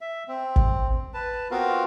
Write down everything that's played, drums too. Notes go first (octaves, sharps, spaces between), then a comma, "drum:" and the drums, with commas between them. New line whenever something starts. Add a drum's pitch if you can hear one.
E5
C4
drum: kick
B4 A5
B3 C4 F4 F#4 A#4 F5